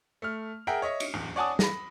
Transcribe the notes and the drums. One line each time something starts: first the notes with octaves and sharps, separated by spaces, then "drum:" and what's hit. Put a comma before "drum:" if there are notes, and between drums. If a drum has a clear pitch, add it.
A3 F6
G#4 A#4 E5 F#5 G5
C#5 D#5 E5 C#6
drum: cymbal
D1 E2
C#5 D5 F#5 G#5 A5 D#6
B5 A#6, drum: snare